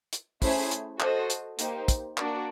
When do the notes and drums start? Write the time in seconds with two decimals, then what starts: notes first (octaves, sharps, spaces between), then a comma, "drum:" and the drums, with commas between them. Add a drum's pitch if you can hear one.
0.13 drum: hi-hat
0.42 A3 C#4 E4 G#4 C5, drum: kick, open hi-hat
0.71 drum: hi-hat
1.00 F#4 A4 C5 D#5, drum: clap
1.30 drum: hi-hat
1.59 A#3 D#4 G4 C5, drum: hi-hat
1.88 drum: kick, hi-hat
2.17 A#3 D4 F#4 A#4 D5, drum: clap